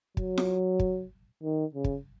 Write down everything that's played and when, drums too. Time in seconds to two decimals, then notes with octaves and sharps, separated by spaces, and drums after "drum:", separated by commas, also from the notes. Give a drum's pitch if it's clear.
0.17 F#3, drum: kick
0.38 drum: snare F4
0.79 drum: kick
1.43 D#3
1.74 C#3
1.84 drum: kick